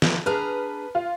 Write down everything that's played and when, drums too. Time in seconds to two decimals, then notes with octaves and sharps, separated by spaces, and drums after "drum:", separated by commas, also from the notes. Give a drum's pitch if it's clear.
0.02 F3 E4, drum: snare
0.26 D4 G#4 B4 A#5 F6
0.95 F4